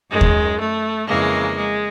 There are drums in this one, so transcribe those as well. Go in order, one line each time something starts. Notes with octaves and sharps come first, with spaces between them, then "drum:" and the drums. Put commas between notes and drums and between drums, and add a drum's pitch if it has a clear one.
F#2 D#3 G#3
drum: kick D#2
A3
F2 C#3 E3 G#3 A#3
G#3